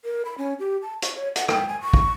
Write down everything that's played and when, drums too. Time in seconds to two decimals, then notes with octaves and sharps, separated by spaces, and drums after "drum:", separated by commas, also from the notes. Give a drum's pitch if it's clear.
0.05 A#4
0.25 B5
0.38 C#4
0.60 G4
0.82 A5
1.02 C#6, drum: hi-hat
1.16 C#5
1.36 F#5, drum: hi-hat
1.48 G5, drum: rim click
1.68 G#5
1.81 C#6
1.93 drum: kick